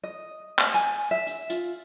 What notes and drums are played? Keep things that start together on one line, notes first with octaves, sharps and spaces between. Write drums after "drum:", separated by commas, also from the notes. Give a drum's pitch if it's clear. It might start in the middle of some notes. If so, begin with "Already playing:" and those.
D#5
drum: clap
G#5
E5
drum: hi-hat
F4, drum: hi-hat